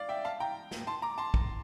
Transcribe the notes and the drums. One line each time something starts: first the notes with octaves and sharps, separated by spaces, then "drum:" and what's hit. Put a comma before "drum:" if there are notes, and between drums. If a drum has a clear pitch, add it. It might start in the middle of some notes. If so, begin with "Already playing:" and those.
Already playing: D5 F5
E5 G5
F5 A5
G5 A#5
drum: snare
A5 C6
A#5 D6
A5 C6
drum: kick